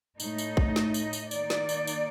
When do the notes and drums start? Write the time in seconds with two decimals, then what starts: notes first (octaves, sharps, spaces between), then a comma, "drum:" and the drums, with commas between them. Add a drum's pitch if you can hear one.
0.20 A2 A3 D#4, drum: tambourine
0.38 drum: tambourine
0.57 drum: kick
0.76 D#5, drum: snare
0.94 drum: tambourine
1.13 drum: tambourine
1.31 D#3 A#3 D#4 D5, drum: tambourine
1.50 drum: snare
1.69 drum: tambourine
1.87 drum: tambourine